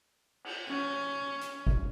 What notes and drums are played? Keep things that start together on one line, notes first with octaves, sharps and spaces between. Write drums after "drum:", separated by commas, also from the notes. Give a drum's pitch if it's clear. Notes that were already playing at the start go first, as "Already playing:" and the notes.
drum: cymbal
C#4
drum: hi-hat
drum: kick